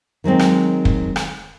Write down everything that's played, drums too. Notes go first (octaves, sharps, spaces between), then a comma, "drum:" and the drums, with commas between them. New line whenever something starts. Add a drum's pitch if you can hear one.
D#3 F#3 G#3 C4
drum: rim click
drum: kick
drum: rim click